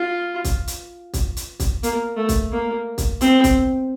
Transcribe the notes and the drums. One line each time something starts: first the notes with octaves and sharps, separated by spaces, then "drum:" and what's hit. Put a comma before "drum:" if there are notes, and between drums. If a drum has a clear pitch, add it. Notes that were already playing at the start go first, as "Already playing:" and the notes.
Already playing: F4
drum: kick, hi-hat
drum: hi-hat
drum: kick, hi-hat
drum: hi-hat
drum: kick, hi-hat
A#3, drum: hi-hat
A3
drum: kick, hi-hat
A#3
drum: kick, hi-hat
C4, drum: hi-hat
drum: kick, hi-hat